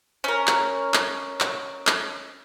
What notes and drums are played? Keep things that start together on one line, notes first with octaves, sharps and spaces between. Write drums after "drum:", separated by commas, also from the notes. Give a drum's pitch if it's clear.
C#4 A#4
drum: clap
drum: clap
drum: clap
drum: clap